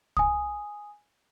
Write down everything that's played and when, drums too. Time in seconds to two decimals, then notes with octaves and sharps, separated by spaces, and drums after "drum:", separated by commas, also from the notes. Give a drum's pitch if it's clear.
0.17 G#5 D#6, drum: kick C2